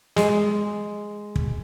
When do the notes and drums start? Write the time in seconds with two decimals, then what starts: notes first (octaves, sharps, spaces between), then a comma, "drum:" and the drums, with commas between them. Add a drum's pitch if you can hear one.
0.16 G#3, drum: snare
1.36 drum: kick